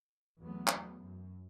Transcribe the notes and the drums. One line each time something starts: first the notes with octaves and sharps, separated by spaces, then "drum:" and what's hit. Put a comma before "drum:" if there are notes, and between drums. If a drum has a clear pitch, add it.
E2 F#3 A3 B3
drum: clap
F#2